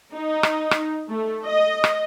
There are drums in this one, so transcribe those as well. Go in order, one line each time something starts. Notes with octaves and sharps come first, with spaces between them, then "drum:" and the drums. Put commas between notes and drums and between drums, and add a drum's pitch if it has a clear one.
D#4
drum: rim click
drum: rim click
A3
D#5
drum: rim click